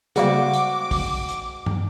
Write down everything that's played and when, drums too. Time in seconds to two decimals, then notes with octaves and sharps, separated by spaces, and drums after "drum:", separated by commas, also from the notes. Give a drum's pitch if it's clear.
0.16 C#3 G3 G#3 A#3 C4 F#4 D6, drum: hi-hat
0.53 drum: hi-hat
0.91 drum: kick, open hi-hat
1.29 drum: hi-hat
1.66 drum: tom G2